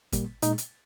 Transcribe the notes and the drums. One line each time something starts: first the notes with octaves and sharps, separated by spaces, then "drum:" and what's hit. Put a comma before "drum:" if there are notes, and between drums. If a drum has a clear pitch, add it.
A#2 G3 A#3, drum: kick, hi-hat
A#2 G#3 D#4, drum: hi-hat
drum: hi-hat